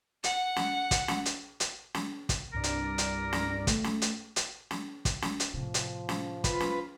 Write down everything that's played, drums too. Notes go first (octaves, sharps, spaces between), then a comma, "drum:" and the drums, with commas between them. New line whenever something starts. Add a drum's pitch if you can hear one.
F#5, drum: hi-hat
drum: snare
drum: kick, hi-hat
drum: snare
drum: hi-hat
drum: hi-hat
drum: snare
drum: kick, hi-hat
C2 G2 A#4 D5
drum: hi-hat
drum: hi-hat
drum: snare
A3, drum: kick, hi-hat
drum: snare
drum: hi-hat
drum: hi-hat
drum: snare
drum: kick, hi-hat
drum: snare
drum: hi-hat
A2 C3 F3
drum: hi-hat
drum: snare
F4 B4, drum: kick, hi-hat
drum: snare